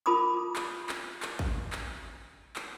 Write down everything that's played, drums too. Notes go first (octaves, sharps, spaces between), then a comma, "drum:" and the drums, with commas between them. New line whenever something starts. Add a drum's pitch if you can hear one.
F4 A#4 A5 B5 D6 D#6
drum: clap
drum: clap
drum: clap
drum: kick
drum: clap
drum: clap